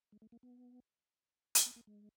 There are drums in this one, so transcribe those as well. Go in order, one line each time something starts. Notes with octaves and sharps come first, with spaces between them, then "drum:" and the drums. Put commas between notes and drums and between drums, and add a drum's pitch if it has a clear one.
G#3
A3
A#3
B3
drum: hi-hat
B3
A#3
G#3